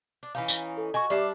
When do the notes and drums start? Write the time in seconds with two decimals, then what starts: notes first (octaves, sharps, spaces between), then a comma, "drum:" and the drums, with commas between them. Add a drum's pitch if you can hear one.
0.23 D4
0.35 E3 C#4 D#4 F5
0.48 drum: tambourine
0.78 A4
0.94 F#4 D#5 G#5 C#6
1.10 G3 D4 D5 E5 A5 C7